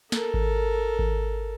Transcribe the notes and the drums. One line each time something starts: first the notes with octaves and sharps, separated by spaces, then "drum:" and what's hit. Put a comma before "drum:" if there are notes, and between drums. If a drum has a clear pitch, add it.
A4 A#4, drum: snare
drum: kick G#1
drum: kick G#1